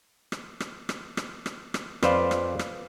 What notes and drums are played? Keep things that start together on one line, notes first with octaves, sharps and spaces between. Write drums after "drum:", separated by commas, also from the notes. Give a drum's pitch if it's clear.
drum: rim click
drum: rim click
drum: rim click
drum: rim click
drum: rim click
drum: rim click
F2 B4 C5 D5 F5, drum: rim click
drum: rim click
drum: rim click